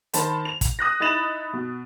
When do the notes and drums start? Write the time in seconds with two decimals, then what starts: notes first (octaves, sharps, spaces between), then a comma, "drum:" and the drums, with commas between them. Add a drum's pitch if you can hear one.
0.14 D#3 C5 A5 B5, drum: hi-hat
0.45 F7
0.61 drum: kick, hi-hat
0.79 D#6 F#6 A#6
1.00 D#4 E4 B5 A6 E7 F#7
1.53 B2